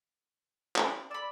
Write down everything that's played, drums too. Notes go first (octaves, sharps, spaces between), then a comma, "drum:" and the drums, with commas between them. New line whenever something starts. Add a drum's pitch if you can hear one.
D5, drum: clap
D5 B5 E6